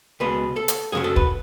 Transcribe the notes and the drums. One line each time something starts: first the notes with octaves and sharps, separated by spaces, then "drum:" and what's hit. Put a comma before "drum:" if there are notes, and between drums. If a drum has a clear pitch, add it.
C#2 B2 G#3 B4
A4
drum: hi-hat
F#2 C#3 F#3 G#4
A4
B4, drum: kick